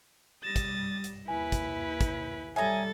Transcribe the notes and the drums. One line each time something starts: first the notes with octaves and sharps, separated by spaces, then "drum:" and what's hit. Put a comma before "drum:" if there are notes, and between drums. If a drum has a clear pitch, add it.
G3 D#6 A6 A#6 E7
drum: kick, hi-hat
drum: hi-hat
D#2 E4 B4 G#5
drum: kick, hi-hat
drum: kick, hi-hat
G3 A4 C#5 E5 G#5 A#5 D#6 A6